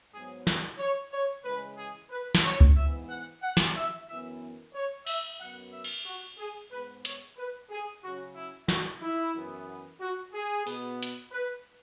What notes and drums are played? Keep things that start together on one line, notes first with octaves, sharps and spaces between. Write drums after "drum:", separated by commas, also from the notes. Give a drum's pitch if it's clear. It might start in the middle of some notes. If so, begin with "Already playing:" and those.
G#2 F#3 B3 G#4
B4, drum: snare
C#5
C#5
C#3 E3 G#3 B4
G#4
B4
drum: snare
C#5
drum: kick C#2
G#2 E3 B3 E5
F#5
F#5
drum: snare
E5
F#2 E3 B3 E5
C#5
E5, drum: cymbal
F#2 F#3 B3 F#5
E5
drum: cymbal
F#4
G#4
G#2 G#3 B3 B4
C#5, drum: hi-hat
B4
G#4
C#3 F#3 C#4 F#4
E4
F#4, drum: snare
E4
F#2 E3 B3
F#4
G#4
B2 B3, drum: open hi-hat
drum: hi-hat
B4